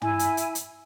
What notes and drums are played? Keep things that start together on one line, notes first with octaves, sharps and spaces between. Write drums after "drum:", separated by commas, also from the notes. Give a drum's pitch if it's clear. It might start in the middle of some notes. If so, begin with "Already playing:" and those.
E4 G#5, drum: tom
drum: hi-hat
drum: hi-hat
drum: hi-hat